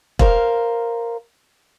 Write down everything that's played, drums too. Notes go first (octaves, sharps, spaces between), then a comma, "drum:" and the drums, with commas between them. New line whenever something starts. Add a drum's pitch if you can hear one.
A#4 C5 F5, drum: kick E1